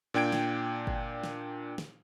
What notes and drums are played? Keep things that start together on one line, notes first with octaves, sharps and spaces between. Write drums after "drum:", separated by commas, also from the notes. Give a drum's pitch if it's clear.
A#2 D4 G5 G#6 D7
drum: snare
drum: kick
drum: snare
drum: snare